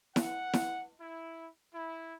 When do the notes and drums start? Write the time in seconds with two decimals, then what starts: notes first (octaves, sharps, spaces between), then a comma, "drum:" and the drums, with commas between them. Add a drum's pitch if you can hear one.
0.16 F#5, drum: snare E4
0.53 drum: snare E4
1.00 E4
1.74 E4